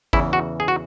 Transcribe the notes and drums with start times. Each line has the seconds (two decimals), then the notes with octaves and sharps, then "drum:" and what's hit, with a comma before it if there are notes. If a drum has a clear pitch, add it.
0.13 E2 C#3 E3 E4, drum: kick G#1
0.33 F#4
0.60 G#4
0.68 F#4